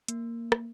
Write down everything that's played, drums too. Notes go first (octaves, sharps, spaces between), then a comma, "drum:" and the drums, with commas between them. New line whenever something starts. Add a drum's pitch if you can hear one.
A#3, drum: hi-hat
drum: rim click